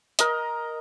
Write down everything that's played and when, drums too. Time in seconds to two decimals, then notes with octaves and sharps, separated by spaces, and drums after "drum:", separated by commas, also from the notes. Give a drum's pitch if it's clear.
0.19 A#4 D#5, drum: hi-hat